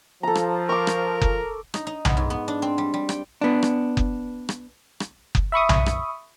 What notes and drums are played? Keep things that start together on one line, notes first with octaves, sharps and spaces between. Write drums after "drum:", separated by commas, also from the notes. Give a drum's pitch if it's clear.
F3 A4 A#5
drum: rim click
A#4 C#6 D6
drum: rim click
drum: kick F#1
D#4, drum: rim click
D#4
B3, drum: tom B1
G#2
B3
D4
C4
G3
G3
G5, drum: rim click
B3 D4
drum: rim click
drum: kick F#1
drum: rim click
drum: rim click
drum: kick F#1
E5 B5 C#6 D#6
drum: tom B1
drum: rim click